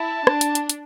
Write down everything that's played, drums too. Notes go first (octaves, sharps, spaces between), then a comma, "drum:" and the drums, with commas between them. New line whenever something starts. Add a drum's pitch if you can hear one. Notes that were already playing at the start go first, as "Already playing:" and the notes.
Already playing: E4 A5
D4, drum: rim click
drum: hi-hat
drum: hi-hat
drum: hi-hat